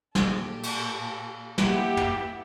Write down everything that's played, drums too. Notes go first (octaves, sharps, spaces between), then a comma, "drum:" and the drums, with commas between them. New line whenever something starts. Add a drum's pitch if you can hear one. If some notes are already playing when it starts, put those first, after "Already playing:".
A#2 G4 A4, drum: snare
drum: cymbal
A#3 B3 E4 G4, drum: snare
drum: tom